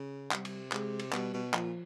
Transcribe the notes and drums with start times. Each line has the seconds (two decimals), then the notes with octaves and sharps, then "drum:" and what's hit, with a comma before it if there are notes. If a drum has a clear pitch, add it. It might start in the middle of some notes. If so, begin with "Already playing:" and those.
Already playing: C#3
0.31 C3 G3, drum: clap
0.45 drum: cymbal
0.72 C3 G#3, drum: clap
0.99 drum: cymbal
1.13 B2 G3, drum: clap
1.34 B2
1.54 A#2 F3, drum: clap